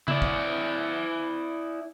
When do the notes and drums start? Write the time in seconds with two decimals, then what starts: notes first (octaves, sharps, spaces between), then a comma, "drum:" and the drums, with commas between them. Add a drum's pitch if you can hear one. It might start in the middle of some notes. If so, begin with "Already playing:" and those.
0.08 E4 D5, drum: tom C#3
0.22 drum: kick